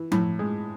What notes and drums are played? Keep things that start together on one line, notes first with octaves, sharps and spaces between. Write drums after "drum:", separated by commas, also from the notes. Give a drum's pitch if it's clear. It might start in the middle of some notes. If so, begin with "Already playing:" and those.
Already playing: E3
A2, drum: tom F3
G#3